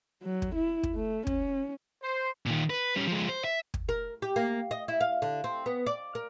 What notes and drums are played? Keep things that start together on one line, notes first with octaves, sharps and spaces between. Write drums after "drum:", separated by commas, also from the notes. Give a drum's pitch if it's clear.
F#3
drum: kick
E4
drum: kick
A3
C#4, drum: kick
C5
A#2 D#3
B4
G3 C#4
F3 G#3
C5
E5
drum: kick
A#4
G4
A#3
D#5
E4
F5
D3
C4
B3
D5
A#4